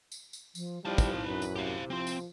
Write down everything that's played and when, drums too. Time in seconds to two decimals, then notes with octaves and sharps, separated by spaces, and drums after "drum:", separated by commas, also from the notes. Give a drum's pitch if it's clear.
0.12 drum: tambourine
0.33 drum: tambourine
0.55 F3, drum: tambourine
0.85 F3 G3 D#4 E4 A5
0.98 drum: kick, tambourine
1.24 F#2 B4
1.42 drum: tambourine
1.56 C3 G4 F5
1.90 F3 C4 C6
2.07 drum: tambourine